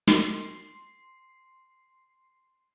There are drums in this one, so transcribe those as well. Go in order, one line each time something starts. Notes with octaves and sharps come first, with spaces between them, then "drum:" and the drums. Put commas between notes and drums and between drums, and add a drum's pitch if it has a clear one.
C6 C7, drum: snare